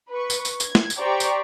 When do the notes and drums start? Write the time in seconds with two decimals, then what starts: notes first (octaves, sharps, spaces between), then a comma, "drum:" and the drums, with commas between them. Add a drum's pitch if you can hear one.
0.12 B4 C#6
0.30 drum: tambourine
0.45 drum: tambourine
0.60 G#6, drum: tambourine
0.75 drum: snare
0.90 drum: tambourine
1.00 G4 C5 D5 G5 A#5 C#6
1.20 drum: tambourine